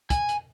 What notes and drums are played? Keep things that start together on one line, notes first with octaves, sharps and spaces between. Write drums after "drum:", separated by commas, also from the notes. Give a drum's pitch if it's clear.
G#5, drum: kick, hi-hat
drum: hi-hat